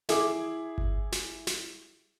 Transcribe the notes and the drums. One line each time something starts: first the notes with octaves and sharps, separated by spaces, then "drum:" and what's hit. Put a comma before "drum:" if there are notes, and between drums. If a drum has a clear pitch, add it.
E4 G#4 D6, drum: snare
drum: kick G1
drum: snare
drum: snare